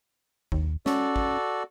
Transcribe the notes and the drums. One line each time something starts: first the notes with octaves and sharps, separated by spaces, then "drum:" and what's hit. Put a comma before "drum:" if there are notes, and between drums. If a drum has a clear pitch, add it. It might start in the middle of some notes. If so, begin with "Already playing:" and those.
D#2, drum: kick
C#4 F#4 A4 D5, drum: snare
drum: kick